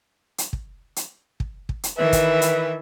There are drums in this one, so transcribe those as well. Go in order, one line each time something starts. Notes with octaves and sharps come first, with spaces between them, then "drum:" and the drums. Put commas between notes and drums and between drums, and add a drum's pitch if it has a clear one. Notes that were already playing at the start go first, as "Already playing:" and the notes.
drum: hi-hat
drum: kick
drum: hi-hat
drum: kick
drum: kick
drum: hi-hat
D#3 E3 B4 E5
drum: kick, hi-hat
drum: hi-hat